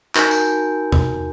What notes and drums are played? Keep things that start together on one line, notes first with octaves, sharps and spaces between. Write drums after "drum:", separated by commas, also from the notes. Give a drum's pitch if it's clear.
D#4 F#4 A#4 G#5 G6, drum: clap
drum: tambourine
drum: tom E2